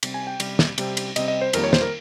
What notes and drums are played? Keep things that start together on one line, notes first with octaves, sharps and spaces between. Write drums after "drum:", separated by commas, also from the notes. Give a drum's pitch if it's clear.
C3 G3 C4, drum: cymbal
G#5
G5
C3 G3 C4, drum: cymbal
drum: snare
C3 G3 C4, drum: cymbal
drum: cymbal
C3 G3 C4 D#5, drum: cymbal
D#5
C5
F2 D#3 G3 A#3 A#4, drum: cymbal
C#5
C5, drum: snare
A#4